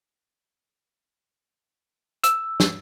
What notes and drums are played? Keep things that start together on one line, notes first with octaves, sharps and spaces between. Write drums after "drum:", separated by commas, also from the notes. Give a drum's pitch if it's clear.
E6, drum: hi-hat
drum: snare